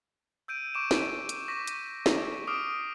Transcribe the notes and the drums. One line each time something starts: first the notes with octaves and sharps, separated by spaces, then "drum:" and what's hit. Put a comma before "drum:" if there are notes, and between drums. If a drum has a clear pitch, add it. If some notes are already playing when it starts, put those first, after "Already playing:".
E6 G6 D7 D#7
C#6 D6 D7 E7
drum: snare
drum: hi-hat
C#6 D6 A#6 B6 D#7
drum: hi-hat
drum: snare
D6 D#6 F6 C7 D7